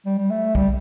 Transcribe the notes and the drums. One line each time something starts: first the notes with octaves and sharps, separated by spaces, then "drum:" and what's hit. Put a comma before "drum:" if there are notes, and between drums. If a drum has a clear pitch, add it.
G3
G3
A3
G3, drum: kick B1